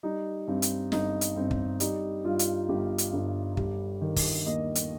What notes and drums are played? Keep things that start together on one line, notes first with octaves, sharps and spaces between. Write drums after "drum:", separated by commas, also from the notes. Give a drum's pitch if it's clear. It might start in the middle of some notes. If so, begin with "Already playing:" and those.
G3 D#4
G2 C4
drum: hi-hat
G1 D#4, drum: snare
drum: hi-hat
G1 C4
drum: kick
G3 D#4, drum: hi-hat
G2 F4
drum: hi-hat
G1 G4
drum: hi-hat
G1
G3, drum: kick
D#3
drum: kick, open hi-hat
D#2 D#5
drum: hi-hat